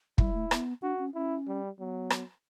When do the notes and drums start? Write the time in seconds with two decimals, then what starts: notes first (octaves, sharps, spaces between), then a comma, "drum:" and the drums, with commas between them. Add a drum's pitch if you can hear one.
0.18 G3 E4, drum: kick
0.34 A3
0.51 B3, drum: rim click
0.82 D4 F#4
0.99 C#4
1.14 C#4 E4
1.47 G3
1.78 F#3 B3
2.10 drum: rim click